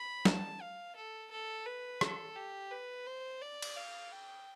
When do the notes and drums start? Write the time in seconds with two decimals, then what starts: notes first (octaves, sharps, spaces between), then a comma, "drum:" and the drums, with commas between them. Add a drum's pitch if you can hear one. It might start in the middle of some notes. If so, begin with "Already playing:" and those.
Already playing: B5
0.25 A5, drum: snare
0.61 F5
0.96 A4
1.31 A4
1.66 B4
2.01 A4, drum: rim click
2.35 G4
2.71 B4
3.06 C5
3.41 D5
3.62 drum: cymbal
3.76 F5
4.12 G5